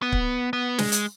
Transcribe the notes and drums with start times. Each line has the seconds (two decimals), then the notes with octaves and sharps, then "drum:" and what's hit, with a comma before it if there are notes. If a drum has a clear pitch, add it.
0.02 B3
0.12 drum: kick C#1
0.53 B3
0.78 G#3, drum: snare
0.92 drum: hi-hat